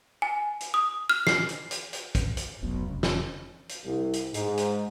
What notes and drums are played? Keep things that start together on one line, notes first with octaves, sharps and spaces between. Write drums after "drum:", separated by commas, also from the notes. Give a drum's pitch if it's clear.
G#5
drum: hi-hat
D#6
F6
C7, drum: snare
drum: hi-hat
drum: hi-hat
drum: hi-hat
drum: kick, hi-hat
drum: hi-hat
F1 B1 B2
F1 C#3
drum: snare
drum: hi-hat
C2
drum: hi-hat
G#2, drum: hi-hat
drum: hi-hat